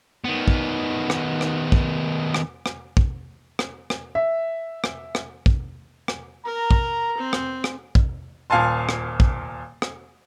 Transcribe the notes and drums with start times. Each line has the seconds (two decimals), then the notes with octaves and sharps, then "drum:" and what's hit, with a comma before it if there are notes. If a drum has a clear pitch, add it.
0.24 D#3 B3
0.48 drum: kick
1.10 drum: rim click
1.41 drum: rim click
1.72 drum: kick
2.34 drum: rim click
2.66 drum: rim click
2.97 drum: kick
3.59 drum: rim click
3.90 drum: rim click
4.15 E5
4.84 drum: rim click
5.15 drum: rim click
5.46 drum: kick
6.08 drum: rim click
6.45 A#4 A#5
6.71 drum: kick
7.17 C4
7.33 drum: rim click
7.64 drum: rim click
7.95 drum: kick
8.50 D#1 A#2 F5 G#5 A5 C6
8.89 drum: rim click
9.20 drum: kick
9.82 drum: rim click